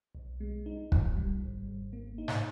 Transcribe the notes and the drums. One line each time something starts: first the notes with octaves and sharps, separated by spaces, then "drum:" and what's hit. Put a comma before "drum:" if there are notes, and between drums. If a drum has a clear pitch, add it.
B1
G#3
D#4
B1, drum: kick
G3
G#1
G#1
A#3
D#4
drum: snare G#2